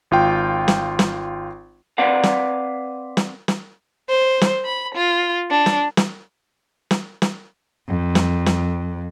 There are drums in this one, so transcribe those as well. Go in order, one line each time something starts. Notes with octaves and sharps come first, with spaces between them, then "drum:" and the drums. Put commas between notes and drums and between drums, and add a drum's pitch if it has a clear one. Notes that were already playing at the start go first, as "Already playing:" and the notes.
G#1 F4 G5
drum: snare
drum: snare
C4 B4 D5 F5 F#5
drum: snare
drum: snare
drum: snare
C5
drum: snare
B5
F4
D4
drum: snare
drum: snare
drum: snare
drum: snare
F2
drum: snare
drum: snare